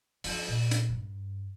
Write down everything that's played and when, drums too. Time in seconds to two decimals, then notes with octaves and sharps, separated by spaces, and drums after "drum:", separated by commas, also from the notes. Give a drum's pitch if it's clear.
0.24 F3, drum: open hi-hat
0.48 A#2
0.71 drum: hi-hat
0.89 G2